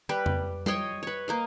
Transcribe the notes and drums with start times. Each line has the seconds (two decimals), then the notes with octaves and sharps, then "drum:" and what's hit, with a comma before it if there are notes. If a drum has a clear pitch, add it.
0.09 G3 G4 B4
0.26 drum: tom F2
0.66 C#5 D#5 G5 C6, drum: tom G3
1.03 B4 C#5
1.28 A#3 D#5 F5